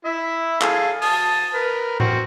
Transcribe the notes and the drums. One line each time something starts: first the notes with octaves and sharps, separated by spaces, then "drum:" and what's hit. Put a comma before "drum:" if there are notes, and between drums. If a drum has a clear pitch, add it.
E4 E5
G#4 A4 F5, drum: clap
A5 D#6, drum: open hi-hat
A#4 B4
C4 F#4, drum: tom A2